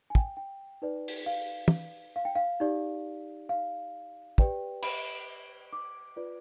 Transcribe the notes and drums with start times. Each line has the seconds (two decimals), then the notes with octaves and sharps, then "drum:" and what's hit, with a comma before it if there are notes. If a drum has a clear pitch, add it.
0.10 G#5
0.15 G5, drum: kick
0.37 G5
0.82 D#4 B4 D5
1.08 drum: open hi-hat
1.26 F5
1.68 drum: tom
2.16 F5
2.25 G5
2.35 F5
2.60 D#4 G4 D5
3.49 F5
4.38 G4 B4 D5 G5, drum: kick
4.83 B5, drum: cymbal
5.73 D6
6.16 F4 B4 D5